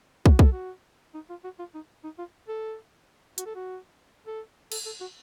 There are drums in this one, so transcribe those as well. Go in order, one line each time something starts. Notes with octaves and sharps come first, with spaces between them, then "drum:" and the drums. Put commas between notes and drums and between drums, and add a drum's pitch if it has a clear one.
F#4, drum: kick
A4, drum: kick
F#4
D#4
F4
F#4
F4
D#4
D#4
F4
A4
F#4, drum: hi-hat
A4
F#4
A4
A4, drum: cymbal
A4
F#4